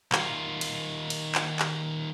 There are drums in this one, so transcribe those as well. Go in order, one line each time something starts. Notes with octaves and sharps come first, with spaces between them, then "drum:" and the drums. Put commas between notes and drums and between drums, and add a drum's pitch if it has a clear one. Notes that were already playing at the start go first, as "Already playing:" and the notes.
D#3 F4, drum: clap
drum: cymbal
drum: cymbal
drum: clap
drum: clap